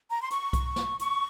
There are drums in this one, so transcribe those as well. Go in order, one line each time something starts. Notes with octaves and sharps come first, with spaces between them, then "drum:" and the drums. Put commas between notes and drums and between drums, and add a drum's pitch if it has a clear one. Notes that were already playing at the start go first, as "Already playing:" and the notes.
A#5
C6
C#6, drum: hi-hat
drum: kick B1, hi-hat
drum: snare
C#6, drum: hi-hat